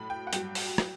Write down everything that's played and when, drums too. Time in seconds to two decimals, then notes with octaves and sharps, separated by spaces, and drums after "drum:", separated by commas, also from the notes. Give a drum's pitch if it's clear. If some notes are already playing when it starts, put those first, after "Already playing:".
Already playing: A2 F#3 B5
0.10 G5
0.27 F#5
0.33 G2 F#3 G5, drum: hi-hat
0.55 drum: open hi-hat
0.78 F#3, drum: rim click